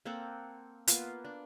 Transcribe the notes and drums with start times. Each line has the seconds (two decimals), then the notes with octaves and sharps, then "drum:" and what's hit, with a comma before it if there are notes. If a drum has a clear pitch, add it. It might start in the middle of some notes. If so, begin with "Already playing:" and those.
0.05 A#3 C4 A4 F#5
0.88 A#3 B3 F4, drum: hi-hat
1.25 D4